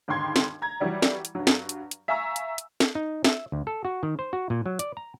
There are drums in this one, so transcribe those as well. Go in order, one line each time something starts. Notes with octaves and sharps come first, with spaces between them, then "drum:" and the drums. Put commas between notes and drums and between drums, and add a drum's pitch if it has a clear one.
G1 D#2 G#2 G5 C6 G#6
drum: snare
A#5 G#6
E3 F#3 G3 D5
drum: snare
drum: hi-hat
G2 F#3
drum: snare
drum: hi-hat
drum: hi-hat
E5 F5 G#5 A#5 C#6 E6
drum: hi-hat
drum: hi-hat
drum: snare
D#4
E5, drum: snare
D2
A4
F#4
D#3
C5
F#4
A#2
F#3
D5, drum: hi-hat
A#5